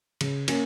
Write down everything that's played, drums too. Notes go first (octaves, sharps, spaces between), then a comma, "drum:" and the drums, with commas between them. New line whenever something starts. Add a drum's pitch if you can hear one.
C#3, drum: cymbal
A#3 C#4, drum: cymbal